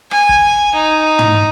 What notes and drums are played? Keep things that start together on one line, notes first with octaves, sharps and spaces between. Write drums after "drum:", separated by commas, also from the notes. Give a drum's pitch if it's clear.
G#5, drum: rim click
drum: kick
D#4
drum: tom